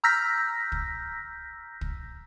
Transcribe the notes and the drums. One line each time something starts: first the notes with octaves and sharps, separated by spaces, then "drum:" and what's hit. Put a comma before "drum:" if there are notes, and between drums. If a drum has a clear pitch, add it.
A#5 E6 F6 G6 A#6 B6
drum: kick
drum: kick